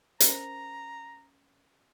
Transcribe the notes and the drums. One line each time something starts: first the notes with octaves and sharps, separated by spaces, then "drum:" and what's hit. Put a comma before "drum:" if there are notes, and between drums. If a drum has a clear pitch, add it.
C#4 A#4 C5 A#5, drum: hi-hat